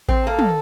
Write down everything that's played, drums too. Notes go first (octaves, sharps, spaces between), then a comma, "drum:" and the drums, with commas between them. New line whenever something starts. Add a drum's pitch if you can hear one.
C4, drum: kick A1
A#3 A4
drum: tom